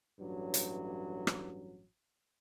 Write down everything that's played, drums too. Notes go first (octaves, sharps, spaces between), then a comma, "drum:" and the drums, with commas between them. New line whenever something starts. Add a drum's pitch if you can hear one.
A1 G2 F#3
drum: hi-hat
drum: rim click